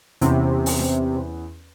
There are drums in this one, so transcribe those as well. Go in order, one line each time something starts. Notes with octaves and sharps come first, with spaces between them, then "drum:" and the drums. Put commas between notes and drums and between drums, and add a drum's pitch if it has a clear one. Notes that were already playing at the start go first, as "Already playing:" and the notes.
E2 C3 B3 C#4, drum: hi-hat
drum: open hi-hat
drum: snare D4